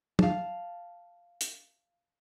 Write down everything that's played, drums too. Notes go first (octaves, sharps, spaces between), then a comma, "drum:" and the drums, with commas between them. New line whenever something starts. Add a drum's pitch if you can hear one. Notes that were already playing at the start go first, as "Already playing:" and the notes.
F5 A5, drum: tom
drum: hi-hat